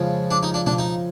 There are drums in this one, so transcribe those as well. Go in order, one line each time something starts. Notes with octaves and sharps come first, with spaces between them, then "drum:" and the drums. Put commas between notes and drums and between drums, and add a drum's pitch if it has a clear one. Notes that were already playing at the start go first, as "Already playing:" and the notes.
Already playing: F2 C#3 F3 G#3
D4
D#4
D4
D4, drum: tom B2
D#4